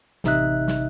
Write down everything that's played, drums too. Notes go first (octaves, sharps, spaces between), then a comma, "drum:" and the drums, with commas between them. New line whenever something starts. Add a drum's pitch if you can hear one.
A1 C3 D#4 D#5 E5 F#6, drum: snare
drum: snare